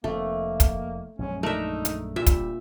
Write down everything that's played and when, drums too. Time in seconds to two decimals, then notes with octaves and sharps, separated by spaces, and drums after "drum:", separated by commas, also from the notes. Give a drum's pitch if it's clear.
0.04 F1 D#3 A3 A#3
0.60 drum: kick, hi-hat
1.19 A#1 F#2 G#3 C#4
1.43 A3 D4 D#4 A#4 E5
1.85 drum: hi-hat
2.16 A#2 G3 E5
2.26 drum: kick, hi-hat